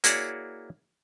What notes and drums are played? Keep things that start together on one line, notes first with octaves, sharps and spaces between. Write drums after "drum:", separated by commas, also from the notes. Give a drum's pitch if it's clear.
A#3 E4 F#4 G#4 C#5 D5, drum: hi-hat